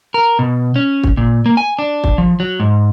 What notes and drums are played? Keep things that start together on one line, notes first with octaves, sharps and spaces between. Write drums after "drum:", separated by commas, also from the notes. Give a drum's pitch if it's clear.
A#4
B2
C#4
drum: kick
A#2
A#3
G#5
D4
drum: kick
F3
F#3
G#2